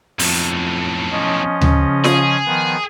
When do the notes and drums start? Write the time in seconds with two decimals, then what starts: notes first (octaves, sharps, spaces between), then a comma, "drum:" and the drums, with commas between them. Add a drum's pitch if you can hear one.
0.19 B1 F2 A2, drum: open hi-hat
1.12 F3 C#4 D#5
1.61 C#3, drum: tom D2
2.04 G#4, drum: snare F4
2.45 D#3 F3 B3